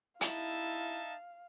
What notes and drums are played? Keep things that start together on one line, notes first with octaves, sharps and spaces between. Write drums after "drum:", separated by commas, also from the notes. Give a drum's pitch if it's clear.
D#4 E4 E5 F5 A5, drum: hi-hat